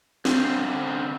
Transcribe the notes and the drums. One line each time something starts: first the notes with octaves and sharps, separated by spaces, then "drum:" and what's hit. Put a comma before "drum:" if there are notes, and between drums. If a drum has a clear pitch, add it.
G2 D3 G#3 C4 C#4 C5, drum: snare D4